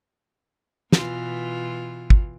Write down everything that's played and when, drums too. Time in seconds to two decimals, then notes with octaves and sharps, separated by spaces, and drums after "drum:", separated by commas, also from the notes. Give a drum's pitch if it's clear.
0.92 B2 E3 F4, drum: snare
2.10 drum: kick